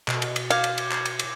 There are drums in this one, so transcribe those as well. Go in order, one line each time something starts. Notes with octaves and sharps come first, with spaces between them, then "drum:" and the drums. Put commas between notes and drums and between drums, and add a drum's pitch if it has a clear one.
B2, drum: clap
drum: cymbal
drum: cymbal
F5 D6 G6 G#6, drum: cymbal
drum: cymbal
drum: cymbal
drum: clap
drum: cymbal
drum: cymbal